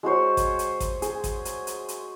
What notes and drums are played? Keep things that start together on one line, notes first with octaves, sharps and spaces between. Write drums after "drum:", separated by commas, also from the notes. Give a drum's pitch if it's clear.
G#3 F#4 C5 C#5
drum: kick, hi-hat
drum: hi-hat
drum: kick, hi-hat
G#4, drum: hi-hat
drum: kick, hi-hat
drum: hi-hat
drum: hi-hat
drum: hi-hat